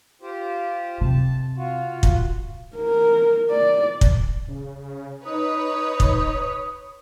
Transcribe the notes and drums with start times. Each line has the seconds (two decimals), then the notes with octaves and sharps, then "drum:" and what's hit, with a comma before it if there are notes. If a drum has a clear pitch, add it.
0.22 F4 G4 C5
1.01 C3 A5
1.56 F4 F#4
2.03 drum: kick
2.77 A#4
3.51 D5
4.01 drum: kick
4.48 C#3
5.25 D#4 B4 C#5 D#6
6.00 drum: kick